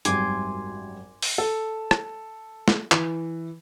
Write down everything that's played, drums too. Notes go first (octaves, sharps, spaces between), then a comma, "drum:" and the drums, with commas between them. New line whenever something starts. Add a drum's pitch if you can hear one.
G#1 F#2 G3 G#5 C6 D6, drum: hi-hat
drum: open hi-hat
A4
drum: rim click
drum: snare
E3, drum: clap